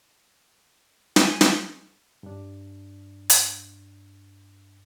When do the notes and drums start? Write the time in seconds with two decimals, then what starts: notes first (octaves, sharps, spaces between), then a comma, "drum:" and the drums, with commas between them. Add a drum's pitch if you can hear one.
1.16 G#5, drum: snare
1.41 drum: snare
2.23 G2 D4
3.30 drum: hi-hat